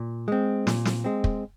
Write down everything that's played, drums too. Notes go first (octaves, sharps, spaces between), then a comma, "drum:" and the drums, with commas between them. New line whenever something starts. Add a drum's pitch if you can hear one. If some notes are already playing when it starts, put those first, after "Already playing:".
Already playing: A#2
G#3 C4
A#2, drum: snare
drum: snare
G#3 C4
drum: kick